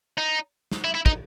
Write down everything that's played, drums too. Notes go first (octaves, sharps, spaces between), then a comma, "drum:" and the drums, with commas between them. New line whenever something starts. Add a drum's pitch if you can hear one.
D#4
drum: snare
E4
E4
D#4, drum: kick